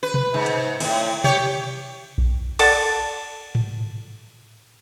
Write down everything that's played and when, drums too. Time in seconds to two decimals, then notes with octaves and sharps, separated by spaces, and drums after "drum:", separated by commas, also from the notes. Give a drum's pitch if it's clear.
0.03 B4
0.14 drum: tom B2
0.34 G#2
0.46 drum: hi-hat
0.80 E2 A2, drum: cymbal
1.24 G4 C#5, drum: tom B2
2.18 drum: kick A#1
2.59 A4 D5 F#5 A5, drum: cymbal
3.55 drum: tom G#2